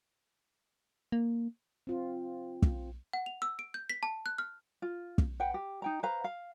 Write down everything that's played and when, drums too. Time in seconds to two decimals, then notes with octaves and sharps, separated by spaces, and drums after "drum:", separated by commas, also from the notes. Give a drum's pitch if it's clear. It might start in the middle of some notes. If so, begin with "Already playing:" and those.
1.12 A#3
1.87 C4 F4
2.62 drum: kick
3.13 F#5
3.26 F7
3.42 E6
3.59 D7
3.74 G6
3.89 B6
4.03 A5
4.26 F#6
4.38 F6
4.82 F4
5.18 drum: kick
5.40 B4 F#5 G5
5.54 G4
5.82 D#4 G5 A#5
6.03 B4 C5 F5 A#5
6.24 F5